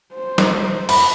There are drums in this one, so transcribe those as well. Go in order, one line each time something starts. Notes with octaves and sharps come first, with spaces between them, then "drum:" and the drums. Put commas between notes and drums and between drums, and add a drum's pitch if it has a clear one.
C5
drum: snare
B5, drum: cymbal